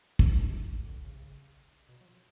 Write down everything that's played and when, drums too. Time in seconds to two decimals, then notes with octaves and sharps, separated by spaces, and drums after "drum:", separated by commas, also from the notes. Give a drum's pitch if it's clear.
0.19 C3, drum: kick
0.36 D#3
0.86 D3
1.04 C#3
1.14 C3
1.21 C#3
1.89 B2
2.01 F#3
2.05 F3